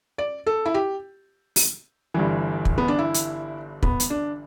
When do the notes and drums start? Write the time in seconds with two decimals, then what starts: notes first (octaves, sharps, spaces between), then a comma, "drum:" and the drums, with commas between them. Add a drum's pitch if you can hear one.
0.18 D5
0.46 A4
0.66 E4
0.74 G4
1.56 drum: open hi-hat
2.14 G1 G2 E3
2.65 drum: kick
2.78 B3
2.88 D4
2.99 E4
3.14 drum: hi-hat
3.83 B3, drum: kick
4.00 drum: hi-hat
4.10 D4